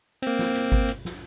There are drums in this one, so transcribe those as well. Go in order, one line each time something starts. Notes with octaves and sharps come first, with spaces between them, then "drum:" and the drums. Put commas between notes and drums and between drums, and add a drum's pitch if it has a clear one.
A#3 C4, drum: hi-hat
drum: snare
drum: hi-hat
drum: kick G#1
drum: hi-hat
drum: snare